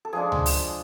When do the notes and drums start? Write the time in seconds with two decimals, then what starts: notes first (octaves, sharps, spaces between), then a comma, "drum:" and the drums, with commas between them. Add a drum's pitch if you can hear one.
0.05 A4
0.13 F3 G#3 D4 F4 G#4
0.32 drum: tom C#2
0.46 drum: open hi-hat